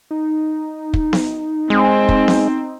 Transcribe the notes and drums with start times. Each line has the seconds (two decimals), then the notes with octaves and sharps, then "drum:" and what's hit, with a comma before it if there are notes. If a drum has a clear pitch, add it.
0.11 D#4
0.94 drum: kick
1.13 drum: snare B3
1.70 G#3 C4
2.09 drum: kick
2.28 drum: snare B3